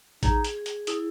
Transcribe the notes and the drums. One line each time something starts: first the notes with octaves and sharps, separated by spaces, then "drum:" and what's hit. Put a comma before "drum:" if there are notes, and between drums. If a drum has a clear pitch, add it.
D#4 G#4, drum: kick A1, hi-hat
drum: hi-hat
G#4
drum: hi-hat
E4 G#4, drum: hi-hat